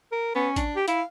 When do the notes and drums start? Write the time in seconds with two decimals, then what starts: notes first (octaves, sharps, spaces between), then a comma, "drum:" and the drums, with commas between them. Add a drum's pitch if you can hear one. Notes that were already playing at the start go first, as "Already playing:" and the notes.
0.12 A#4
0.35 B3 C#4
0.56 D4, drum: kick A1, hi-hat
0.76 G4
0.88 E4 F5, drum: hi-hat